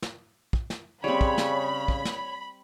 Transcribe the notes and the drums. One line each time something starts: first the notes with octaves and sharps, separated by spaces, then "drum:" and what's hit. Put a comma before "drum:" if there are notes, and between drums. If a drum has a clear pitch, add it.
drum: snare
drum: kick
drum: snare
C#3 G3 C4 C#5 B5
drum: kick
drum: snare
drum: kick
drum: snare